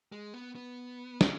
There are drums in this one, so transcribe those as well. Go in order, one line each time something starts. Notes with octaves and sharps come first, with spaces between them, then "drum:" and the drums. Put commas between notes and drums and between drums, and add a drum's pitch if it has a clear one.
G#3
B3
B3
G#3, drum: snare